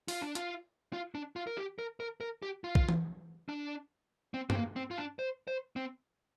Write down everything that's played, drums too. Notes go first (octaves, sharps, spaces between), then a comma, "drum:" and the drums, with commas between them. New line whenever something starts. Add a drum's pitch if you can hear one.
F4, drum: open hi-hat
D4
F4, drum: hi-hat
F4
D4
F4
A#4
G4
A#4
A#4
A#4
G4
F4
drum: kick
drum: tom
D4
C4
C4, drum: tom G2
A#3
C4
F4
D4
C5
C5
C4